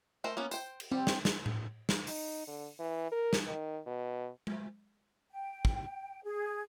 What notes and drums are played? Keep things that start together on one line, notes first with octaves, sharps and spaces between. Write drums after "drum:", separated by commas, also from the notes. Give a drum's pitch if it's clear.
A3 A#4 C5
A#3 B3 C#4
C5 G5, drum: tambourine
drum: cymbal
G3 C4
C#5, drum: snare
drum: snare
drum: tom A2
drum: snare
D#4, drum: open hi-hat
D3
E3
A#4
drum: snare
D#3
B2
drum: tom G#3
G5
drum: kick
G#4